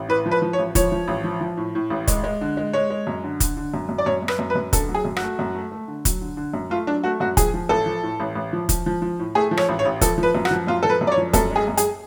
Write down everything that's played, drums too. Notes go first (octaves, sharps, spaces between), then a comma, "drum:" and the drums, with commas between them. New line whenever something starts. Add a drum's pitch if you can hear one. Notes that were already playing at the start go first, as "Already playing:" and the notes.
Already playing: A1
A2 B4
F3
B4
F3
C#5
A1
F3 C#5, drum: kick, hi-hat
F3
A1
F3
F3
A2
A2
A1
G#3, drum: kick, hi-hat
G#3
D3
G#3
G#3 C#5
G#3
F#2
D3
D3, drum: kick, hi-hat
D3
F#2
F#2
D5
F#2 C#5
F#2
B4, drum: rim click
F#2
B4
F#2
D3 A4, drum: kick, hi-hat
F#3
G#4
F#2
F#4, drum: rim click
A3
F#2
A3
A3
D3
F#3, drum: kick, hi-hat
D3
D3
F#2
A3 F4
F#3 D4
A3 F#4
F#2 F#4
F3 G#4, drum: kick, hi-hat
F3
A1 A4
F3
A2
A1
A1
F3
F3, drum: kick, hi-hat
F3
F3
A2
A3 G#4
F3
C#5, drum: rim click
A1
C#5
A1
F3 A4, drum: kick, hi-hat
F3
B4
F#2
F#4, drum: rim click
F3
F#2 F4
F3 A4
B4
F#2
D5
C#5
F3
F#2 A4, drum: kick, hi-hat
G#3 G#4
F#2
G#4, drum: hi-hat